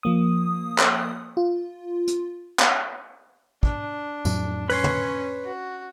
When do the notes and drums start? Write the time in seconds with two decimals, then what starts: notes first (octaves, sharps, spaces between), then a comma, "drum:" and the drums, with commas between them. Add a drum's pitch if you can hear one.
0.03 F3 A#3 D#6
0.78 drum: clap
1.37 F4
2.07 drum: hi-hat
2.60 drum: clap
3.63 D4, drum: kick
4.25 F2 A2 F#3, drum: tambourine
4.70 C#4 B4 C#5 C6, drum: open hi-hat
4.84 drum: tom
5.44 F#4